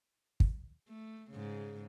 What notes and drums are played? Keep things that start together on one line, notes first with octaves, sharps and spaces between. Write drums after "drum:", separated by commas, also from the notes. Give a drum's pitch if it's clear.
drum: kick
A3
G#2 C#3